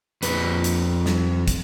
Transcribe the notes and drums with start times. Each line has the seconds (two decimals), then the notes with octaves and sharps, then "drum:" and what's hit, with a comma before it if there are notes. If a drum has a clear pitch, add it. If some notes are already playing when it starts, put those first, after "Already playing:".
0.23 F2 B4, drum: hi-hat
0.64 drum: hi-hat
1.06 drum: snare
1.48 drum: kick, hi-hat